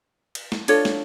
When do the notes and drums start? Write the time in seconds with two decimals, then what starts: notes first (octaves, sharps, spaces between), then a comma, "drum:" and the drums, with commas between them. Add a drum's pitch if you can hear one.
0.35 drum: cymbal
0.52 drum: snare
0.68 D4 F4 A4 C#5, drum: cymbal
0.85 drum: snare